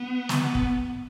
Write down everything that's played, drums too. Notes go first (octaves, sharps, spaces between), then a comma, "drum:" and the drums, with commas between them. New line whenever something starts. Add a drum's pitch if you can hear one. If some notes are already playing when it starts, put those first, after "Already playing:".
Already playing: B3
drum: snare
drum: kick